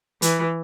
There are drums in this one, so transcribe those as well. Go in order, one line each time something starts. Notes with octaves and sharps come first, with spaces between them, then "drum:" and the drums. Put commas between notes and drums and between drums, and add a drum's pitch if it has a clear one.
E3, drum: hi-hat